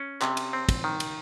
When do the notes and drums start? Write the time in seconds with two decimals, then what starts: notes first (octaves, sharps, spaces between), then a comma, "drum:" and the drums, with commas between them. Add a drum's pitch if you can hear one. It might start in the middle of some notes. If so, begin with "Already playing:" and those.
Already playing: C#4
0.22 C3, drum: clap
0.37 drum: cymbal
0.53 C4
0.69 drum: kick, cymbal
0.84 D#3
1.00 drum: cymbal